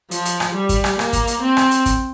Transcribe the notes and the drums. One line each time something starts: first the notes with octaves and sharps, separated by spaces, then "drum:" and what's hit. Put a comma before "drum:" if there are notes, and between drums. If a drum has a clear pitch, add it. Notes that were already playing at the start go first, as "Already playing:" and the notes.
F3, drum: hi-hat
drum: hi-hat
drum: rim click
G3
drum: kick, hi-hat
drum: rim click
A#3, drum: rim click
drum: kick, hi-hat
drum: hi-hat
C4
drum: rim click
drum: hi-hat
drum: kick, hi-hat